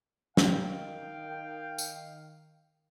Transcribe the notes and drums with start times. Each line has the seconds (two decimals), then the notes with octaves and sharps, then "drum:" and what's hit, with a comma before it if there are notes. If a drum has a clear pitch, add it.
0.37 D#3 F5 G5, drum: snare
1.78 drum: tambourine